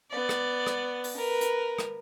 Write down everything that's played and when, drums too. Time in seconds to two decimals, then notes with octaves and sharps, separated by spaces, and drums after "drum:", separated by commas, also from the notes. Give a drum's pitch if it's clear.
0.10 B3 D5
0.29 drum: rim click
0.66 drum: rim click
1.04 drum: open hi-hat
1.17 A#4 B4
1.41 drum: hi-hat
1.78 drum: rim click